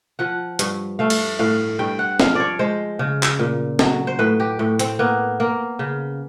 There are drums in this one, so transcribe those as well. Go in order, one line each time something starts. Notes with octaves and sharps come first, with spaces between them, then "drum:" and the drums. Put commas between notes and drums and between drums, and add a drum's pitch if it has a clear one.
F3 F#5
G2, drum: hi-hat
A3 F5
drum: cymbal
A2 F5
G2 G5
F#5
F3 F5, drum: snare
C#5 D5
G#3 C5
C#3
drum: clap
A#2
F#3, drum: snare
C5
A2 B4
G4
A2
C4, drum: hi-hat
A#3 B3
A#3
C#3